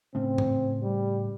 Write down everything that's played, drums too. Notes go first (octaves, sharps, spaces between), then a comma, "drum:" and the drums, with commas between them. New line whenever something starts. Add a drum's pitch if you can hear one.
A2 C#3 C4
drum: tom G#2
G3